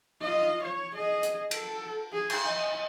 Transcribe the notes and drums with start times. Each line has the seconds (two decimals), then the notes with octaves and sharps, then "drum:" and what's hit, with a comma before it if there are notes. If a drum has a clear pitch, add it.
0.21 F4 D#5
0.63 C#5
0.94 G#4 D#5
1.23 drum: hi-hat
1.51 A4, drum: cymbal
2.13 G#4
2.30 drum: cymbal
2.46 D#5